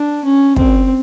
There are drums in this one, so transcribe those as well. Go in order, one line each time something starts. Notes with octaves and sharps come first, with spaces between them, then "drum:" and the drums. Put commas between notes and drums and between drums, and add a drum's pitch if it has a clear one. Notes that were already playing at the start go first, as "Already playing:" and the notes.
Already playing: D4
C#4
C4, drum: kick